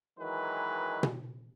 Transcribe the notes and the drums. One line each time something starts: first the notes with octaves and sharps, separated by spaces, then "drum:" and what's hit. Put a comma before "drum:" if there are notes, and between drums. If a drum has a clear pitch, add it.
D#3 E3 F#3 G#3 B4
drum: tom B2